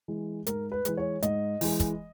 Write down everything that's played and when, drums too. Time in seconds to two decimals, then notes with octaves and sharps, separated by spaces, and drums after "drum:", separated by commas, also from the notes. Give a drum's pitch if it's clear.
0.08 E3 G#3
0.46 G#2 A#4, drum: hi-hat
0.72 B4
0.85 E3 G#3, drum: hi-hat
0.97 C#5
1.22 G#2 D#5, drum: hi-hat
1.61 E3 G#3, drum: open hi-hat
1.80 drum: kick, hi-hat